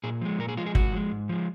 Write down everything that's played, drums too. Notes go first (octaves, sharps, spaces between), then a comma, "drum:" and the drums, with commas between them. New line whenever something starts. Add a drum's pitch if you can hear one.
A#2 G#4
F3 G#3
A#2 A#4
G#4
F3 G#3 F4
G#4
G#2 F#4, drum: kick
F3 G#3
G#2
F3 G#3